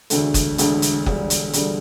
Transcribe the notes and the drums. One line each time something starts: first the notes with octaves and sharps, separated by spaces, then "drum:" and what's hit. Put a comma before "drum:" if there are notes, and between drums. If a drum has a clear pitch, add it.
E1 D2 D3 A3, drum: hi-hat
drum: kick F#1, hi-hat
E1 D2 D3 A3, drum: hi-hat
drum: hi-hat
E1 D2 D3 G3, drum: kick F#1
drum: hi-hat
E1 D2 D3 G3, drum: hi-hat